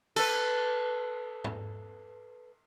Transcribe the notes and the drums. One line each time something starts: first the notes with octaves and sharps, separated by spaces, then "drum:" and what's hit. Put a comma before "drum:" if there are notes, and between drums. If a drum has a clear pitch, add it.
A4 B4, drum: cymbal
drum: tom G#2